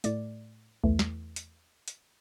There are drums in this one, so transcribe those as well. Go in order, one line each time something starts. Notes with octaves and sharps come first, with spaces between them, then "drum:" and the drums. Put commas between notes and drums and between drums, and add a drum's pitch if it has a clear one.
A2 A3 D5, drum: hi-hat
E2 E3 A3, drum: kick C2
drum: snare
drum: hi-hat
drum: hi-hat